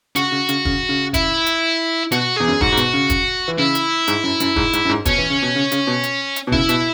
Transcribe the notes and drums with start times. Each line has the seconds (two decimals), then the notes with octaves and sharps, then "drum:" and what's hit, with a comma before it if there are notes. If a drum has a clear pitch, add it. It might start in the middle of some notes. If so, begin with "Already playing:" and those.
0.16 C#3 F#4, drum: hi-hat
0.32 C#3
0.49 C#3, drum: hi-hat
0.65 C#3, drum: kick
0.89 C#3
1.14 E4, drum: kick, hi-hat
1.46 drum: hi-hat
2.12 B2 F#4, drum: hi-hat
2.36 E2 G#4
2.48 F#2
2.61 G#2 F#4, drum: kick
2.72 G#2
2.77 B2, drum: hi-hat
2.93 C#3
3.10 drum: kick, hi-hat
3.48 E3
3.59 C#3 E4
3.75 drum: hi-hat
4.08 G#2, drum: hi-hat
4.24 F#2
4.40 F#2, drum: hi-hat
4.56 G#2, drum: kick
4.73 G#2, drum: hi-hat
4.85 F#2
4.89 G#2
5.05 B2 C#4, drum: kick, hi-hat
5.18 E3
5.30 C#3
5.42 B2
5.55 C#3
5.72 C#3, drum: hi-hat
5.87 B2
6.04 drum: hi-hat
6.36 drum: hi-hat
6.47 B2
6.52 C#3 E4, drum: kick
6.69 B2, drum: hi-hat